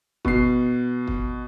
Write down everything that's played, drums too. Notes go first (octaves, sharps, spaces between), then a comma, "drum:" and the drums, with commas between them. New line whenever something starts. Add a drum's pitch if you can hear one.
B2 C7, drum: kick
drum: kick